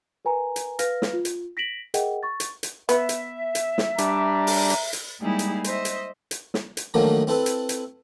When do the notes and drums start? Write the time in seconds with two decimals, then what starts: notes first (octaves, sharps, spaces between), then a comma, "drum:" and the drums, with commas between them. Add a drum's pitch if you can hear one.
0.25 A#4 B4 G#5 A#5
0.56 drum: hi-hat
0.79 B4 F5 F6 A#6, drum: hi-hat
1.02 drum: snare
1.13 F4
1.25 drum: hi-hat
1.57 A#6 B6 D7 E7 F#7
1.94 G#4 A#4 D#5 E5 F#5 G5, drum: hi-hat
2.23 C#6 A6
2.40 drum: hi-hat
2.63 drum: hi-hat
2.89 B3 E5, drum: hi-hat
3.09 drum: hi-hat
3.55 drum: hi-hat
3.78 drum: snare
3.98 G3 D4 A#5, drum: hi-hat
4.47 drum: open hi-hat
4.70 drum: hi-hat
4.93 drum: hi-hat
5.20 G3 G#3 A#3 D#4 E4 G#4
5.39 drum: hi-hat
5.64 C5 D#5 E5, drum: hi-hat
5.85 drum: hi-hat
6.31 drum: hi-hat
6.54 drum: snare
6.77 drum: hi-hat
6.94 D3 D#3 F3 F#3 A3 A#3
7.27 C4 E4 A4 B4
7.46 drum: hi-hat
7.69 drum: hi-hat